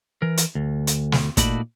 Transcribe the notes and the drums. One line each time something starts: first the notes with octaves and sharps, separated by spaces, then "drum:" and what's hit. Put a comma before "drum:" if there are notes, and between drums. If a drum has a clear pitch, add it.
E3 A#4
drum: hi-hat
D2
drum: hi-hat
drum: snare
A#2 A3 D#4 F#4 D5 B5, drum: kick, hi-hat